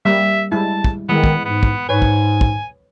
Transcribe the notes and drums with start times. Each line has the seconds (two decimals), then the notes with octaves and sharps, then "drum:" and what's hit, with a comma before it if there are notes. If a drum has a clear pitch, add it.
0.05 G3 A#3 E5
0.52 G3 G#3 E4 A5
0.84 drum: kick
1.09 D#3 E3 G#3 B3
1.24 drum: kick
1.45 G#2 B3
1.63 drum: kick
1.89 G#2 B4 C#5 G#5
2.02 drum: kick
2.41 drum: kick